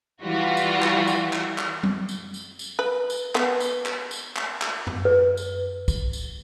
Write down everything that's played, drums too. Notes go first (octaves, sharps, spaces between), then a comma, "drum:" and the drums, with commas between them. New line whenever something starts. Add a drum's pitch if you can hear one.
E3 G3 F4 F#4
drum: tambourine
drum: clap
drum: tambourine
drum: clap
drum: clap
drum: tom F#3
drum: tambourine
drum: tambourine
drum: tambourine
B4
drum: tambourine
B3, drum: clap
drum: tambourine
drum: clap
drum: tambourine
drum: clap
drum: clap
drum: tom F#2
B4
drum: tambourine
drum: kick B1, tambourine
drum: tambourine